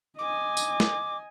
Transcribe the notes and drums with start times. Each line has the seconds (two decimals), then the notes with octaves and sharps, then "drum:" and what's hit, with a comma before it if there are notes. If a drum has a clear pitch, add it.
0.18 D#5 G#5 D6
0.57 drum: tambourine
0.80 drum: snare